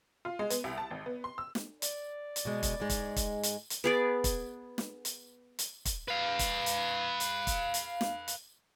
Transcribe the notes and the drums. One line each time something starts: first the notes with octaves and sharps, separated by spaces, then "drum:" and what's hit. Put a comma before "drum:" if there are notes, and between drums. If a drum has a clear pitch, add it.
F4
G#3
B3, drum: hi-hat
C2
A5
G#1
B3
C6
E6
drum: snare
D5, drum: hi-hat
drum: hi-hat
B2 G#3
drum: kick, hi-hat
G#2 G#3
drum: kick, hi-hat
drum: kick, hi-hat
drum: hi-hat
drum: hi-hat
B3 G#4 D5
drum: kick, hi-hat
drum: snare
drum: hi-hat
drum: hi-hat
drum: kick, hi-hat
B4 F5
drum: kick, hi-hat
drum: hi-hat
drum: hi-hat
drum: kick, hi-hat
drum: hi-hat
drum: snare
drum: hi-hat